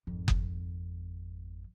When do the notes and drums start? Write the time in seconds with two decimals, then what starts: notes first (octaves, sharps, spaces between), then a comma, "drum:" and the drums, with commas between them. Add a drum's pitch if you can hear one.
0.07 G#1 F2
0.28 drum: kick F#1